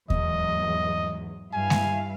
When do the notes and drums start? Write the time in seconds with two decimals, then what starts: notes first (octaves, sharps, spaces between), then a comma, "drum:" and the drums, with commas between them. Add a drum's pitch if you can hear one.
0.10 E2 G#2 F#3 D#5, drum: kick D#2
1.53 G2 E4 F5 G#5
1.70 drum: snare G#3